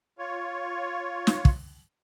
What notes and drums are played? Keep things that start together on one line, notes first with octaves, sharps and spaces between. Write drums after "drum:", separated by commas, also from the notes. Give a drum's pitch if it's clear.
F4 C#5
drum: snare
drum: kick